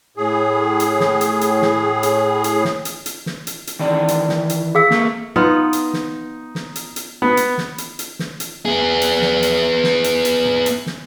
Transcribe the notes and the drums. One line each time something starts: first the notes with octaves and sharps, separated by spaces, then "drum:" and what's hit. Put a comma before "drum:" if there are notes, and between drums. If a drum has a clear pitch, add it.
A2 G#4
drum: hi-hat
drum: snare
drum: hi-hat
drum: hi-hat
drum: snare
drum: hi-hat
drum: hi-hat
drum: snare
drum: hi-hat
drum: hi-hat
drum: snare
drum: hi-hat
drum: hi-hat
D#3 E3 D5
drum: hi-hat
drum: snare
drum: hi-hat
G#4 F5 E6
A#3 A4, drum: snare
B3 D#4 F4
drum: hi-hat
drum: snare
drum: snare
drum: hi-hat
drum: hi-hat
B3
drum: hi-hat
drum: snare
drum: hi-hat
drum: hi-hat
drum: snare
drum: hi-hat
B3 G#4
drum: hi-hat
drum: snare
drum: hi-hat
drum: snare
drum: hi-hat
drum: hi-hat
drum: tom G#2
drum: hi-hat
drum: snare